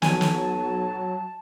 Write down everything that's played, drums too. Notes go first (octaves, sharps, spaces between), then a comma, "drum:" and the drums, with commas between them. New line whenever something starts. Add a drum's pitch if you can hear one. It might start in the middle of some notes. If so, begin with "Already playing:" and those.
B1 F#3 G#5 A5, drum: snare
drum: snare